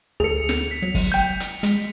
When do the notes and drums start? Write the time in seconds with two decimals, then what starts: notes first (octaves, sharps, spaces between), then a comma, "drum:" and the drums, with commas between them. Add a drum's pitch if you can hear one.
0.20 D2 G#4 A4 C#7 F7
0.49 drum: snare
0.71 B6
0.82 F#3
0.95 drum: kick, open hi-hat
1.12 G5 G6
1.40 drum: hi-hat
1.63 G#3, drum: hi-hat